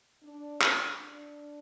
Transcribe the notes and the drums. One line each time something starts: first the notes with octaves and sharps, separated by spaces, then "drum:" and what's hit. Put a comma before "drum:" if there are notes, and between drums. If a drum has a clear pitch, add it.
D4
drum: clap
D4